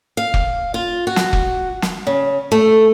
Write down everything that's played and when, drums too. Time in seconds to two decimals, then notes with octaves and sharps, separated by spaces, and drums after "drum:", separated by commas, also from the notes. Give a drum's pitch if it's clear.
0.17 F5
0.34 drum: kick
0.74 F4
1.07 F#4
1.16 drum: snare
1.33 drum: kick
1.82 drum: snare
2.07 C#3
2.52 A3